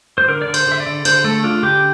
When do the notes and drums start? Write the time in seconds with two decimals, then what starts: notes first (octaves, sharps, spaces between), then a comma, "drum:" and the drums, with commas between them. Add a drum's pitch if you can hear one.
0.18 C5
0.28 D3 A#4
0.42 D5
0.47 D3
0.54 C5, drum: cymbal
0.67 D3 E5
0.80 D5
0.86 D3
1.05 D3 C5, drum: cymbal
1.24 A3 A4
1.44 D4 F4
1.63 D3 G4